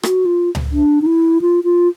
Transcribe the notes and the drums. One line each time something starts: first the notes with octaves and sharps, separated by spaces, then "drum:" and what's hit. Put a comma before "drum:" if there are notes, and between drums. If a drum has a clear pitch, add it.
F#4, drum: rim click
F4
drum: tom C#2
D4
D#4
E4
F4
F4